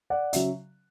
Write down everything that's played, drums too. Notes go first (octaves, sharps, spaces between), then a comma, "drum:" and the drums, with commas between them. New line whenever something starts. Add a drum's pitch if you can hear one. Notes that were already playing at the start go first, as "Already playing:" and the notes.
D5 F#5
C#3 F#3 E5, drum: hi-hat